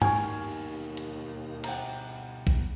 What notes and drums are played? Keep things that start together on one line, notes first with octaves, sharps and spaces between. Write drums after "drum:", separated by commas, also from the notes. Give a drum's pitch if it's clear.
D#2 B2 G3 G#5 C#6 F6 G#6, drum: tom G2
drum: hi-hat
F#5 G5 A#5, drum: cymbal
drum: kick